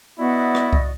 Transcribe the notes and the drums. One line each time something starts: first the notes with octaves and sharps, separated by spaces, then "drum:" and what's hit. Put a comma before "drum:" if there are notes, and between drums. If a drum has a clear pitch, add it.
B3 E4 F#4 D5 D#5
drum: rim click
drum: kick C2